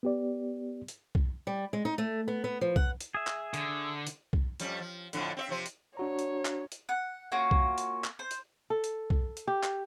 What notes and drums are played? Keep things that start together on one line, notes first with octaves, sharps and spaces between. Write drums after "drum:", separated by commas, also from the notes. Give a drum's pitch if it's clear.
B3 G4 D5
drum: hi-hat
drum: kick B1
G3
G#3
D#4
A3
B3
B3
F3
F#5, drum: kick B1
drum: hi-hat
G#4 E5
drum: clap
D3, drum: hi-hat
drum: hi-hat
drum: kick B1
F2 G3 C#4, drum: hi-hat
F3
F2 A2 D3, drum: hi-hat
C4 C#5 E5
C3 F3 C5
drum: hi-hat
D4 F#4 C#5 A#5
drum: hi-hat
drum: clap
drum: hi-hat
F#5
A#3 C#4 F4 F#4
drum: kick B1
drum: hi-hat
drum: clap
C5
drum: hi-hat
A4
drum: hi-hat
drum: kick B1
drum: hi-hat
G4
drum: clap